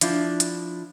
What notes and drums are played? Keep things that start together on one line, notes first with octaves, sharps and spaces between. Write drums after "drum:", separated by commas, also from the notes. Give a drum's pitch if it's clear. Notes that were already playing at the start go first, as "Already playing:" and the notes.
F3 D4 E4, drum: hi-hat
drum: hi-hat